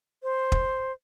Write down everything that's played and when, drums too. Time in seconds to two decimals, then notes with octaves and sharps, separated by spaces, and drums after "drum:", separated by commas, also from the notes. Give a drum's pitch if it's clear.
0.23 C5
0.52 drum: kick